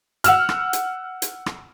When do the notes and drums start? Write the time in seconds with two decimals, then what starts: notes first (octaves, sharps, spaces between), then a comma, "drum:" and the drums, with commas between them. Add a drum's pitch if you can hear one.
0.24 F#5 E6 F6, drum: hi-hat
0.49 drum: rim click
0.73 drum: hi-hat
1.22 drum: hi-hat
1.46 drum: rim click